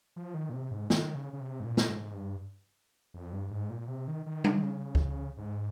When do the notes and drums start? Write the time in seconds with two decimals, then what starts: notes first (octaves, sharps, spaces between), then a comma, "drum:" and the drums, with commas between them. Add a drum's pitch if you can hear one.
0.16 F3
0.34 D#3
0.49 A#2
0.53 C3
0.71 G#2
0.90 D#3, drum: snare
1.15 C#3
1.33 C#3
1.41 C3
1.60 G#2
1.65 A#2
1.77 drum: snare
1.89 G#2
2.14 G2
3.14 F2
3.33 G2
3.51 G#2
3.70 A#2
3.88 C3
4.08 D#3
4.26 D#3
4.44 C#3, drum: tom G3
4.56 D#3
4.63 C#3
4.95 drum: kick C#2
5.37 G#2